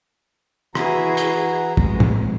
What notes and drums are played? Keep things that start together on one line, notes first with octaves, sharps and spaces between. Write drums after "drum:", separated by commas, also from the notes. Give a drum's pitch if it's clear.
E3 E4 F#4 G#4 A#5, drum: rim click
drum: hi-hat
F2 G#3, drum: kick
drum: tom